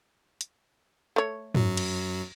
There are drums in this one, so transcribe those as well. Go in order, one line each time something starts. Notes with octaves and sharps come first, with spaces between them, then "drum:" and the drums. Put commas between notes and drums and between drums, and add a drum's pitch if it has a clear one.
drum: hi-hat
A3 C#5
F#2 F#3, drum: tom
drum: cymbal